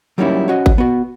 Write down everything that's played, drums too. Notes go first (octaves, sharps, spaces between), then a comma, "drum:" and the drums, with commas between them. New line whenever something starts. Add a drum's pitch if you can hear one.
F#3 G3 A#3 C#4 D#4 E4
C#4 F#4 D#5
drum: kick G#1
B3 F#4